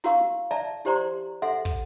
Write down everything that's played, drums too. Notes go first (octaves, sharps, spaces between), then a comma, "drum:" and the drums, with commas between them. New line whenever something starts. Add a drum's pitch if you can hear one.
E4 F#4 A#4 F5 C#6, drum: snare
D5 E5 A5 A#5
E4 G4 C5 D5 A#5 C6, drum: hi-hat
A4 E5 F#5 C6
drum: kick